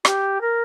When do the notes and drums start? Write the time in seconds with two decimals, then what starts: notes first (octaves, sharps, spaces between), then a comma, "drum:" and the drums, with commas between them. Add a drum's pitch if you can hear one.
0.05 G4, drum: rim click
0.40 A#4